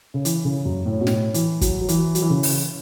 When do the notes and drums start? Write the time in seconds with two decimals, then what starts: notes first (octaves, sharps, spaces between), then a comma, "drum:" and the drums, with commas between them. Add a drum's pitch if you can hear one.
0.14 C#3
0.25 E3, drum: hi-hat
0.45 C#3
0.65 F#2
0.86 A2
1.01 B2
1.07 A2, drum: snare
1.34 E3, drum: hi-hat
1.61 F#3, drum: kick, hi-hat
1.81 F#3
1.89 E3, drum: hi-hat
2.15 F#3, drum: hi-hat
2.22 E3
2.30 C#3
2.43 drum: open hi-hat